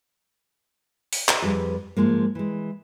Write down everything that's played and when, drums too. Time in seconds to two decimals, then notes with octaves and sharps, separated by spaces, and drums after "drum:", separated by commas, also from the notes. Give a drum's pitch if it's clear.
1.13 drum: open hi-hat
1.28 drum: clap
1.42 F2 G3 G#4 B4
1.97 G#2 F3 G#3 A#3
2.35 E3 G#3